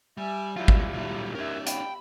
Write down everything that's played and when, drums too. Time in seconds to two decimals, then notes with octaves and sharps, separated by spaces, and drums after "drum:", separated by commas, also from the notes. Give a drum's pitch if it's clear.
0.17 G3 E5 G#5
0.56 F#3 G3 E4 F4 G4
0.68 drum: kick G#1
0.94 A#2 F#3 E4
1.35 C#4 D#4 G4 A#4 C#5 E5
1.67 G5 B5, drum: hi-hat